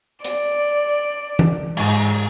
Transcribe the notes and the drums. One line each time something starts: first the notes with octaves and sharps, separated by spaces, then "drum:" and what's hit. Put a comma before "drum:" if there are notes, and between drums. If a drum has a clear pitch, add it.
D5, drum: hi-hat
drum: tom
G#2, drum: cymbal